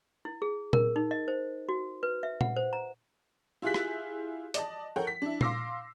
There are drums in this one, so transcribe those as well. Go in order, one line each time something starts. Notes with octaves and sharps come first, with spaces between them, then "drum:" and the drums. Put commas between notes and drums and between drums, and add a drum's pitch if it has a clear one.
E4
G#4
A#4, drum: tom A#2
D#4
D#5
C5
F#4
B4
E5
F#5, drum: tom A#2
C5
A#5
E4 F4 G4 G#4 F#6 B6
drum: rim click
D5 D#5 A5, drum: hi-hat
A4 A#4 C#5 F#5 G5
B6
D4 E4
F5 C6 D6 E6 A#6 C7, drum: tom A#2